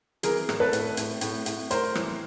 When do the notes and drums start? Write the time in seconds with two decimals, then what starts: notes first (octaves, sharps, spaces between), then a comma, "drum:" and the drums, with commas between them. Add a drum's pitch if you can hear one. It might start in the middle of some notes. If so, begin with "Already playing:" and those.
0.23 E3 G#4 A#4, drum: hi-hat
0.49 A2, drum: rim click
0.60 A4 B4
0.73 A2, drum: hi-hat
0.97 A2, drum: hi-hat
1.21 A2, drum: hi-hat
1.46 A2, drum: hi-hat
1.71 A2 A#4 C5, drum: hi-hat
1.95 E3, drum: rim click